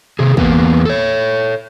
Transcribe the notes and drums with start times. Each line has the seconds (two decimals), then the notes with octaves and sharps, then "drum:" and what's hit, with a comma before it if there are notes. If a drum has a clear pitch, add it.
0.19 C3 G#4
0.37 E2 A#3 B3, drum: kick
0.85 A4 C#5